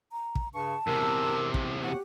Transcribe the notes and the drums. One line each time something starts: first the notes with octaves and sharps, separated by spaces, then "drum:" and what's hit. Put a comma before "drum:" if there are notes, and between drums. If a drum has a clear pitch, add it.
A#5
drum: kick
G2 C#3 A5 C#6
E2 C3 A#4 E6
drum: kick
D#2 F#4 G4 F#5